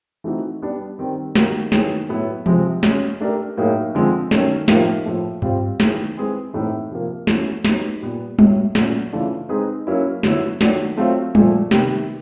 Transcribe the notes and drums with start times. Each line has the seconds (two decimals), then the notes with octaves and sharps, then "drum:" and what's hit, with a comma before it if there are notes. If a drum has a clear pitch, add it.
0.24 E3 A3 C4 D#4 F#4
0.62 G3 B3 D4
0.98 D#3 G3 C4 D#4
1.35 D#3 G3 A#3 D#4 F#4, drum: snare
1.72 D#3 F#3 B3 E4 G#4, drum: snare
2.09 A2 F#3 B3 E4 A4
2.46 C3 F3 G#3 C4, drum: tom E3
2.83 G#3 C#4 F#4, drum: snare
3.21 A3 D4 G4 A#4
3.57 A2 F#3 A#3 D#4 G#4
3.95 D3 F3 G#3 C4
4.31 D#3 F#3 A3 C#4, drum: snare
4.68 A2 F3 A#3 D#4 G4, drum: snare
5.06 A2 F3 A3
5.42 G3 C4 F4, drum: tom G2
5.80 D#3 F#3 B3 E4 G#4, drum: snare
6.17 G#3 C4 E4 G#4 B4
6.53 A2 E3 A3 C4 D#4
6.91 C3 F3 A#3
7.27 E3 A3 C#4 F#4, drum: snare
7.65 F#3 B3 D#4 G4 B4, drum: snare
8.02 A#2 G3 B3
8.39 A2 F#3 B3, drum: tom G3
8.75 A#2 F#3 A3 C#4 F#4, drum: snare
9.13 C#3 E3 A3 D4 F4
9.49 G#3 C4 D#4 G#4 B4
9.87 F#3 A#3 C#4 E4
10.23 D3 F#3 B3 E4, drum: snare
10.61 D#3 F#3 A3 D4 F#4, drum: snare
10.97 F#3 A3 C4 F4
11.35 A#2 F3 A3, drum: tom G3
11.71 C3 D#3 G3 B3, drum: snare